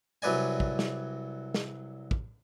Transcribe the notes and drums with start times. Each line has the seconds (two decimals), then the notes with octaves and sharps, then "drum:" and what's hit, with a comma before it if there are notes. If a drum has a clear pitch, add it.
0.22 C2 F#3 B4 D5 G#5
0.60 drum: kick
0.79 drum: snare
1.54 drum: snare
2.11 drum: kick